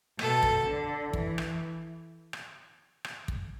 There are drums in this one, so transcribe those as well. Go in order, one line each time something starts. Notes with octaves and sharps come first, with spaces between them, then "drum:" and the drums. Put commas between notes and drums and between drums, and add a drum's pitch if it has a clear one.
B2 A4, drum: rim click
drum: kick
D3
E3, drum: kick
drum: rim click
drum: rim click
drum: rim click
drum: kick